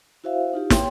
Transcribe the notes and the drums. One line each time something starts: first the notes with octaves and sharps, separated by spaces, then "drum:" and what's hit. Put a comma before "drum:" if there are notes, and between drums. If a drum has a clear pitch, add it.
E4 F#4 C5 E5 F5
D#4 F4 G4
C#5 G5 C6, drum: snare